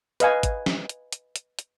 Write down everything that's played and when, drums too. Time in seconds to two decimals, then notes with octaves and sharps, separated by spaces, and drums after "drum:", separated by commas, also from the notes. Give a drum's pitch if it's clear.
0.20 B4 D#5 F5 G#5, drum: hi-hat
0.43 drum: kick G#1, hi-hat
0.66 drum: snare
0.89 drum: hi-hat
1.13 drum: hi-hat
1.36 drum: hi-hat
1.59 drum: hi-hat